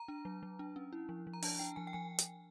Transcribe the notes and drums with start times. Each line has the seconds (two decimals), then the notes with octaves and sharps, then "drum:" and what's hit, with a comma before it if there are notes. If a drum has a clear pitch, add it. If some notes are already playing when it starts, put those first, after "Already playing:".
Already playing: A#5
0.08 D4
0.25 F#3
0.43 F#3
0.59 D4
0.76 C#4
0.93 E4
1.09 F3
1.27 F3
1.33 A#5
1.42 D4 A5, drum: open hi-hat
1.59 D4 G5
1.76 F3 G#5
1.87 G5
1.93 F3 G#5
2.18 drum: hi-hat